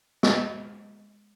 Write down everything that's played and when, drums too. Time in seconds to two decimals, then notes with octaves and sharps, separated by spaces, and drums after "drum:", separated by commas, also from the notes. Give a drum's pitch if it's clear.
0.23 G#3, drum: snare